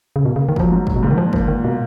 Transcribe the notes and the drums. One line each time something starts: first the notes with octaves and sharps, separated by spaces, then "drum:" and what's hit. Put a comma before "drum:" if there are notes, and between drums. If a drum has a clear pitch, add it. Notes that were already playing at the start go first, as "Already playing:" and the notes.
C#3
B2 A#3
C#3
A#3
D#3
F3 F#3, drum: kick G1
G#2
F#3, drum: kick G1
B2
G#2 C#3
D#3
A#2 F3
F3 A#3, drum: kick G1
A#2 D#3
B2 A#3